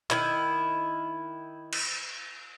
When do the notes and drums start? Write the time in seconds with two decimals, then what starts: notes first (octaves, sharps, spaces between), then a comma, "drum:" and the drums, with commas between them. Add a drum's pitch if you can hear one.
0.11 D#3 E4, drum: clap
1.73 drum: cymbal